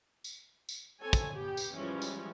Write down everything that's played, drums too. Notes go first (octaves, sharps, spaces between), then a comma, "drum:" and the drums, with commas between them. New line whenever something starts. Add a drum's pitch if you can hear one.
drum: tambourine
drum: tambourine
C4 A4 C#5 G#5
drum: kick, tambourine
B3 G4
drum: tambourine
E3 F3 G3 G#3 C#4
drum: tambourine